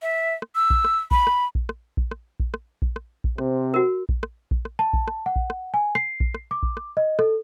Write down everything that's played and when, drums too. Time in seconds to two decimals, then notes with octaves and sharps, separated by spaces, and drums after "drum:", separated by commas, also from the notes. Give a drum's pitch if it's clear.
0.02 E5
0.42 drum: rim click
0.55 E6
0.70 drum: kick A#1
0.85 drum: rim click
1.11 B5, drum: kick A#1
1.27 drum: rim click
1.55 drum: kick A#1
1.69 drum: rim click
1.97 drum: kick A#1
2.11 drum: rim click
2.40 drum: kick A#1
2.54 drum: rim click
2.82 drum: kick A#1
2.96 drum: rim click
3.24 drum: kick A#1
3.38 C3 C5, drum: rim click
3.74 F#4 A#4
4.09 drum: kick A#1
4.23 drum: rim click
4.51 drum: kick A#1
4.65 drum: rim click
4.79 A5
4.93 drum: kick A#1
5.08 drum: rim click
5.26 F#5
5.36 drum: kick A#1
5.50 drum: rim click
5.74 G#5
5.95 C7, drum: rim click
6.20 drum: kick A#1
6.34 drum: rim click
6.51 D6
6.63 drum: kick A#1
6.77 drum: rim click
6.97 D#5
7.19 A4, drum: rim click